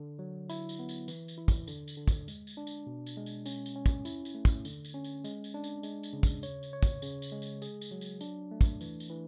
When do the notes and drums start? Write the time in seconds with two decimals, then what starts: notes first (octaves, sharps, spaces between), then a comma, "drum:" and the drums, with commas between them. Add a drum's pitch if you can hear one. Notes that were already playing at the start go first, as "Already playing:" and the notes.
Already playing: D3
0.19 F#3
0.49 E4, drum: tambourine
0.69 drum: tambourine
0.79 B3
0.89 drum: tambourine
1.08 E3, drum: tambourine
1.28 drum: tambourine
1.38 E4
1.48 drum: kick, tambourine
1.67 D3, drum: tambourine
1.88 drum: tambourine
1.97 D3
2.07 drum: kick, tambourine
2.28 G#3, drum: tambourine
2.47 drum: tambourine
2.57 D4
2.67 drum: tambourine
2.87 B2
3.06 drum: tambourine
3.17 G#3
3.26 drum: tambourine
3.46 C#4, drum: tambourine
3.66 drum: tambourine
3.75 C#4
3.86 drum: kick, tambourine
4.05 E4, drum: tambourine
4.25 drum: tambourine
4.35 A3
4.45 drum: kick, tambourine
4.65 D3, drum: tambourine
4.85 drum: tambourine
4.94 C#4
5.04 drum: tambourine
5.25 G#3, drum: tambourine
5.44 drum: tambourine
5.54 D4
5.64 drum: tambourine
5.83 G#3, drum: tambourine
6.03 drum: tambourine
6.13 C#3
6.23 drum: kick, tambourine
6.43 C#5, drum: tambourine
6.63 drum: tambourine
6.73 C#5
6.83 drum: kick, tambourine
7.02 C#3, drum: tambourine
7.22 drum: tambourine
7.32 G#3
7.42 drum: tambourine
7.62 G#4, drum: tambourine
7.82 drum: tambourine
7.91 F#3
8.01 drum: tambourine
8.21 D4, drum: tambourine
8.51 A3
8.61 drum: kick, tambourine
8.81 E3, drum: tambourine
9.00 drum: tambourine
9.10 E3